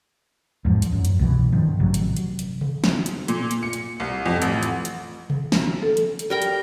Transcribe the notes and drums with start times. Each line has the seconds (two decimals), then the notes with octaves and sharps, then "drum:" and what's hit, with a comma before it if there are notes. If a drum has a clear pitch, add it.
0.65 E2 G#2 F3
0.82 drum: hi-hat
0.92 F#2
1.05 drum: hi-hat
1.19 C2 B2 E3
1.52 G2 D#3 F3
1.80 A1 C3 F#3
1.94 drum: hi-hat
2.17 drum: hi-hat
2.39 drum: hi-hat
2.61 drum: tom C3
2.84 drum: snare
3.06 drum: hi-hat
3.28 A#2, drum: hi-hat
3.51 drum: hi-hat
3.63 C#7
3.73 drum: hi-hat
4.00 C2
4.26 F2
4.42 A1, drum: hi-hat
4.63 drum: hi-hat
4.85 drum: hi-hat
5.30 drum: tom C3
5.52 drum: snare
5.83 A4
5.97 drum: hi-hat
6.19 drum: hi-hat
6.30 G3 A#4 G5
6.42 drum: hi-hat